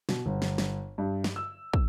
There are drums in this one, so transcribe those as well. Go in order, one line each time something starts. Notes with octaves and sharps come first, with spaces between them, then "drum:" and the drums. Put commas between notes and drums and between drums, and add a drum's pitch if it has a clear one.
B2, drum: snare
G1
drum: snare
drum: snare
G2
drum: snare
E6
E6, drum: kick